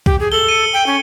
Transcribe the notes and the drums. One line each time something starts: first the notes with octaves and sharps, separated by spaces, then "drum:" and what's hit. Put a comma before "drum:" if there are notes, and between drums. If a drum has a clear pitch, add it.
G4, drum: kick C2
G#4
A4 F#7 G7
C#7 D#7
G5
C#4